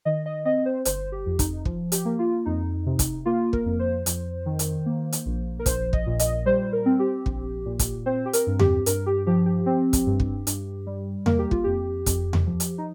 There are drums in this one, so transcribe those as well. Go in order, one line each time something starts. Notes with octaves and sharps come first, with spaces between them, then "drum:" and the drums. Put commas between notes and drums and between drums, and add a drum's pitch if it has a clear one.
D#3 D#5
D#5
C4 D#5
C5
G1 C5, drum: hi-hat
G4
F2
D#4, drum: kick, hi-hat
F3, drum: kick
G4, drum: hi-hat
A#3
F4
F2 D#4
C3
drum: kick, hi-hat
A#3 F4
A#4, drum: kick
F2
C5
F2, drum: hi-hat
D#3
drum: hi-hat
A#3
drum: hi-hat
A#1
A#4
A#1 C5, drum: kick, hi-hat
D#5, drum: kick
A#2
D#5, drum: hi-hat
G3 C5
A#4
C4
G4
A#1, drum: kick
A#2
drum: kick, hi-hat
C4 C5
G4
A#4, drum: hi-hat
G2
G4, drum: tom E2
G2 A#4, drum: hi-hat
G4
F3 G4
G4
C4
drum: kick, hi-hat
G2
drum: kick
G2, drum: hi-hat
G3
A#3 A#4, drum: tom E2
G4
F4, drum: kick
F2 G4
F2, drum: kick, hi-hat
drum: tom E2
F3
drum: hi-hat
D#4